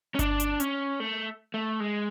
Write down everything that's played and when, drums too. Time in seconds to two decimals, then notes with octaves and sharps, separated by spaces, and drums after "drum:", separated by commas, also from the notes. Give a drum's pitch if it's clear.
0.15 C#4
0.19 D4, drum: kick G1, hi-hat
0.40 drum: hi-hat
0.60 C#4, drum: hi-hat
1.00 A3
1.54 A3
1.80 G#3